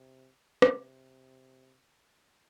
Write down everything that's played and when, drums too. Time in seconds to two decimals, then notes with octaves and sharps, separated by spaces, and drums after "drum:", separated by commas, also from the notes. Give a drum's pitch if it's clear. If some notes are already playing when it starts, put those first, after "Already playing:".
Already playing: C3
0.62 C3, drum: rim click